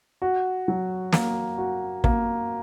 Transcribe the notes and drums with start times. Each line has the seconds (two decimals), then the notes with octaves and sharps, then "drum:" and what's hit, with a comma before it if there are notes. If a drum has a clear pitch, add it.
0.22 F#4
0.68 F#3
1.13 A#3, drum: snare
1.58 F#4
2.04 A#3, drum: kick